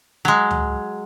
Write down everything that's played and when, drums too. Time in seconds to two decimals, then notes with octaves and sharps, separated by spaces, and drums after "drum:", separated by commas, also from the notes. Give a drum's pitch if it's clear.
0.25 F#3 G#3
0.50 drum: tom